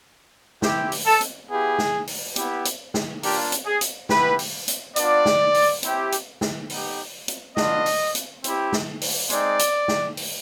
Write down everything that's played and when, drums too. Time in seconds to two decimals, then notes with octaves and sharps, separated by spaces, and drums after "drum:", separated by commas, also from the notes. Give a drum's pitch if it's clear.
0.62 C4 E4 G4, drum: snare
0.92 drum: open hi-hat
1.06 A4
1.21 drum: hi-hat
1.50 B3 E4 G4 G#4
1.79 drum: snare
2.07 drum: open hi-hat
2.36 B3 E4 G4, drum: hi-hat
2.65 drum: hi-hat
2.94 drum: snare
3.23 A#3 D4 F4 G4, drum: open hi-hat
3.52 drum: hi-hat
3.66 G#4
3.81 drum: hi-hat
4.09 B3 E4 G4 B4, drum: snare
4.39 drum: open hi-hat
4.68 drum: hi-hat
4.96 B3 D4 F4 D5, drum: hi-hat
5.26 drum: snare
5.54 drum: open hi-hat
5.83 C4 E4 G4, drum: hi-hat
6.12 drum: hi-hat
6.41 drum: snare
6.70 B3 D#4 G4, drum: open hi-hat
7.28 drum: hi-hat
7.57 B3 D4 F4 D#5, drum: snare
7.86 drum: open hi-hat
8.15 drum: hi-hat
8.44 C4 E4 G4, drum: hi-hat
8.73 drum: snare
9.01 drum: open hi-hat
9.30 G#3 C4 D#4 D5, drum: hi-hat
9.59 drum: hi-hat
9.88 drum: snare
10.17 drum: open hi-hat